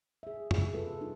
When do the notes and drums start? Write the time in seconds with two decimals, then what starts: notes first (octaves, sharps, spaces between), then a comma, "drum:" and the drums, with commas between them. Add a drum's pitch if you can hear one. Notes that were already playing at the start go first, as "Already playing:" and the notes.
0.23 G#4 E5
0.51 C3 G#4, drum: tom F2
0.74 F4 F#4 A4 B4
1.00 G3 D4 D#4 F4